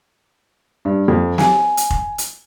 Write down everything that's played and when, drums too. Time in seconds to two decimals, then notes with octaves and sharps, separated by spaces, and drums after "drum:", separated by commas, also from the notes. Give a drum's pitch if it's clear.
0.85 G2
1.08 F2
1.38 G#5, drum: snare
1.77 drum: hi-hat
1.90 drum: kick F1
2.18 drum: hi-hat